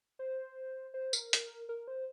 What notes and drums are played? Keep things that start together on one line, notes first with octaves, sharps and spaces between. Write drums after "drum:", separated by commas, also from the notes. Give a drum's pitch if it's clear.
C5
C5
A#4, drum: tambourine
drum: hi-hat
A#4
C5